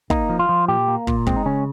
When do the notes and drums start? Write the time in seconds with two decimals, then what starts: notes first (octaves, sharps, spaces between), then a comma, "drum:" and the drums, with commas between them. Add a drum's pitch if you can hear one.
0.10 A#3 D#4, drum: kick
0.29 F3
0.39 F4
0.49 F3
0.68 A#2 G4
0.88 A#3
1.07 A#2, drum: kick
1.26 G#3 C4, drum: kick
1.36 D#4
1.45 C#3 C#4